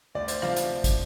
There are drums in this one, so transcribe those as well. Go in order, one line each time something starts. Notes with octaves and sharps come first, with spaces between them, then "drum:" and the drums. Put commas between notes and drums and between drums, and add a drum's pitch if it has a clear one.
D2 D5
C5, drum: hi-hat
C3 F3 F5, drum: rim click
drum: hi-hat
drum: kick, hi-hat